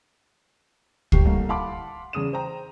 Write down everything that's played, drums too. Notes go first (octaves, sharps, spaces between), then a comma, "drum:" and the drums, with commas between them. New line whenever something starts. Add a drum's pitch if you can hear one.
G1 G4 C#6 C7, drum: kick C#2
C2 A2 A3 A#3
F5 F#5 A5 B5 C6 D6
E2 C#3 G#4 D#6 D#7 E7
C5 G5 A#5